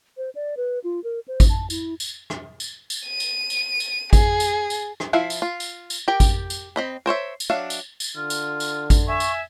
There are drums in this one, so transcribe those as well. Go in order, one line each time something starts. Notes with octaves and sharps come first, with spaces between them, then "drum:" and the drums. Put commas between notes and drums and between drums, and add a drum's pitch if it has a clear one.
C5
D5
B4
F4
A#4
C5
drum: kick G#1, tambourine
A5
E4, drum: tambourine
drum: tambourine
drum: rim click
drum: tambourine
drum: tambourine
D#7
drum: tambourine
drum: tambourine
drum: tambourine
G#4, drum: kick G#1, tambourine
drum: tambourine
drum: tambourine
drum: rim click
F3 E4 E5 F5
drum: tambourine
F4
drum: tambourine
drum: tambourine
G4 A#4 G5
drum: kick G#1, tambourine
drum: tambourine
C4 D#5 B5
A#4 C5 C#5 E5
drum: tambourine
F#3 D4 E5 F5
drum: tambourine
drum: tambourine
D3 F4
drum: tambourine
drum: tambourine
drum: kick G#1, tambourine
E5 G#5 C#6
drum: tambourine